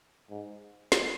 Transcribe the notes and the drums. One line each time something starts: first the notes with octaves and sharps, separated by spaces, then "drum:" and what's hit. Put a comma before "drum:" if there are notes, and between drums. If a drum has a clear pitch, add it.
G#2
drum: snare